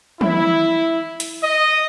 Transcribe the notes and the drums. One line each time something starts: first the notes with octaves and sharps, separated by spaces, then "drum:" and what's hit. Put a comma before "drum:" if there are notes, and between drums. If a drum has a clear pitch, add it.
E4, drum: tom
drum: hi-hat
D#5